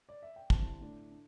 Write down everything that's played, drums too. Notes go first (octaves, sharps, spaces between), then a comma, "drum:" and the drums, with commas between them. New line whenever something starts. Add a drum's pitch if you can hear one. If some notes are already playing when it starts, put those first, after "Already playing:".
D5
E5
G5
D3 G3 C4 E4 A5, drum: kick
A2 A3 D4
D4